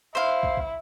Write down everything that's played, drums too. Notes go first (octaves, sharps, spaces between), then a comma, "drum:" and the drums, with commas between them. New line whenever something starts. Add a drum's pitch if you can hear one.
E4 C5 F5
drum: kick
drum: kick